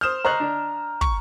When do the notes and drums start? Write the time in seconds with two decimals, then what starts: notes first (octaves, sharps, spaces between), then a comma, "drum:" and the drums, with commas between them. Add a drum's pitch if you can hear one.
0.01 C5 D#6 F6 G6 E7
0.25 C5 D#5 A#5 C#6 F#6
0.40 D4
1.01 C#6, drum: kick